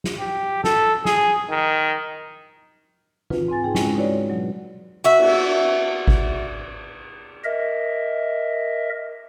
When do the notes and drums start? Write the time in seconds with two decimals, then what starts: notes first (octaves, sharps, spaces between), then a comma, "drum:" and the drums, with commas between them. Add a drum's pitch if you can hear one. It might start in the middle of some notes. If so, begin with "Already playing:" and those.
0.04 drum: snare
0.19 G4
0.64 A4, drum: snare
1.05 G#4, drum: snare
1.51 D#3
3.30 F4 B4, drum: tom
3.48 G#2 C4 G#5 A6
3.63 D#4 G#4 G5
3.75 C#3 G#3 C#4 E4, drum: snare
3.95 D#4 F#4 B4 C#5 D5
4.30 B2 F#3
5.04 F#4 E5
5.19 drum: cymbal
6.08 drum: kick G#1
7.44 A#4 D#5 E5